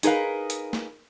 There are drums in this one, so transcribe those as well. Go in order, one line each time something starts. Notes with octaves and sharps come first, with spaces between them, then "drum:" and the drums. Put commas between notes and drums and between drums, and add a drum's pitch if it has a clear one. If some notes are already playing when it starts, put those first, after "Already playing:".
D#4 G#4 A#4 B4 F5, drum: hi-hat
drum: hi-hat
drum: snare